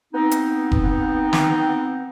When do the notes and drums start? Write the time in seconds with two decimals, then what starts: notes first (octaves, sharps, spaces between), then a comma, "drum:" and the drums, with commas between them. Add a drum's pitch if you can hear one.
0.13 B3 C4 D#4
0.31 drum: hi-hat
0.72 drum: kick F1
1.33 drum: snare